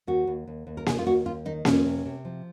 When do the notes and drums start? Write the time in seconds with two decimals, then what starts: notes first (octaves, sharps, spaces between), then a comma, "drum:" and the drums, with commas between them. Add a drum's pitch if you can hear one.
0.07 D#2 F#4
0.27 D#2
0.47 D#2
0.67 D#2
0.77 A#4
0.86 D#3 G#4, drum: snare A#3
0.99 F4
1.06 D#2 F#4
1.25 D#2 F4
1.45 D#3 D#4
1.65 F2 C#4, drum: snare A#3
1.85 C3
2.05 C3
2.25 F3